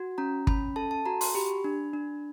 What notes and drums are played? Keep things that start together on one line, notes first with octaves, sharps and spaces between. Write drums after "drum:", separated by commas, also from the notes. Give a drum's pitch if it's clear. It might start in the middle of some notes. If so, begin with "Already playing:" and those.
Already playing: F#4
C#4 A#5
C#4 B5, drum: kick
A4 A5
A5
F#4 A#5
C6, drum: open hi-hat
G4 B5
D4
D4